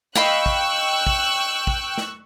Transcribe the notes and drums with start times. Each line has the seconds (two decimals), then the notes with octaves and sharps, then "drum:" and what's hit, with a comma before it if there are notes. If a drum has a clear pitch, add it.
0.16 D#5 F5 G5 B5 C#6 E6 F#6, drum: snare
0.46 drum: kick
1.07 drum: kick
1.67 drum: kick
1.98 drum: snare